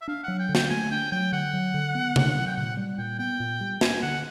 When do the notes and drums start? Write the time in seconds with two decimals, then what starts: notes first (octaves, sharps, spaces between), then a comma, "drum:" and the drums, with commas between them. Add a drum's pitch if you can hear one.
0.01 E5
0.08 D4 F5
0.23 F#3 F#5
0.39 G5
0.49 D3
0.55 G5, drum: snare
0.70 A3 G#5
0.91 D4 G5
1.12 F#3 G5
1.32 D3 F#5
1.53 F#3
1.74 D3
1.95 B3
2.16 D3, drum: tom C3
2.36 F#3
2.47 G5
2.57 A#2 F#5
2.77 G3
2.98 A#2 G5
3.19 B3 G5
3.40 A#2
3.61 G3
3.81 A#3 G#5, drum: snare
4.02 D3 F#5